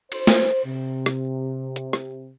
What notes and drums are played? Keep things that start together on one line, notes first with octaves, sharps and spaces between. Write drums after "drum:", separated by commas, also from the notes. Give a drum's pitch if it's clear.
C5, drum: cymbal
drum: snare
C3
drum: rim click
drum: hi-hat
drum: rim click